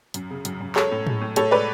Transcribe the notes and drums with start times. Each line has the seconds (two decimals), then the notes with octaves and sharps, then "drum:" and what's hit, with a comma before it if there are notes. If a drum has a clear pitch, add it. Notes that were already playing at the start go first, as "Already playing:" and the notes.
0.14 F#2, drum: hi-hat
0.31 C#3
0.45 F#2, drum: hi-hat
0.60 F#2
0.76 G#3 A4 C#5, drum: clap
0.91 A2
1.07 G#3, drum: tom
1.21 A2
1.36 A2 A4 C#5, drum: hi-hat
1.51 G#3 B4 D5